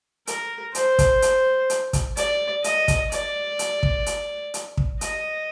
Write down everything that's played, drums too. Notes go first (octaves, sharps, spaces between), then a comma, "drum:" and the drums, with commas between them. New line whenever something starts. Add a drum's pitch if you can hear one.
A#4, drum: hi-hat
C5, drum: hi-hat
drum: kick, hi-hat
drum: hi-hat
drum: hi-hat
drum: kick, hi-hat
D5, drum: hi-hat
D#5, drum: hi-hat
drum: kick, hi-hat
D5, drum: hi-hat
drum: hi-hat
drum: kick
drum: hi-hat
drum: hi-hat
drum: kick
D#5, drum: hi-hat